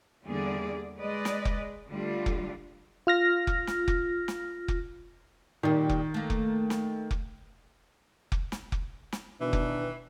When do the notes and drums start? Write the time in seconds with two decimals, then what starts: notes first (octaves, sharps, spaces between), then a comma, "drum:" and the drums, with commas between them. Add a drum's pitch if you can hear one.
0.24 E2 D3 G3 A#3 G#4 D5
0.98 G#3 B4 D5 D#5
1.25 drum: snare
1.45 drum: kick F1
1.89 D3 G3 A3 D4 F4
2.26 drum: kick F1
3.07 F4 F6 A#6
3.47 drum: kick F1
3.67 drum: snare
3.88 drum: kick F1
4.28 drum: snare
4.68 drum: kick F1
5.63 A#2 D#3 G3
5.89 drum: kick F1
6.14 A3 A#3
6.30 drum: kick F1
6.70 drum: snare
7.11 drum: kick F1
8.32 drum: kick F1
8.52 drum: snare
8.72 drum: kick F1
9.12 drum: snare
9.41 B2 D#3 E3 D4
9.53 drum: kick F1